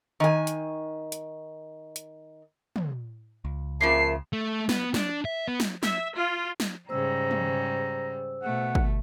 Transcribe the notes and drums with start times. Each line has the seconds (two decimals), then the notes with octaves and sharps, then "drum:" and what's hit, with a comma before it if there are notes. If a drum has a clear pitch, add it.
0.20 D#3 G#5
0.47 drum: hi-hat
1.12 drum: hi-hat
1.96 drum: hi-hat
2.76 drum: tom
3.45 C#2
3.81 A#2 C#3 F3 A#4 E5 A5 C7
4.33 A3
4.69 B3, drum: snare
4.94 D4, drum: snare
5.25 E5
5.48 B3
5.60 drum: snare
5.83 E5, drum: snare
6.13 F4
6.60 drum: snare
6.89 G#2 C#3 G3 C5 A#5 E6
7.31 drum: tom
8.43 B2 A3 F#5
8.75 drum: kick